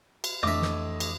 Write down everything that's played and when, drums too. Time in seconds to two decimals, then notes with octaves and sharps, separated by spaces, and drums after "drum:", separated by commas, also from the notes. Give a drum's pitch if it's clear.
0.24 drum: cymbal
0.43 F2 A2 E3 D4 D#5 E5 D6
0.62 drum: snare
1.00 drum: cymbal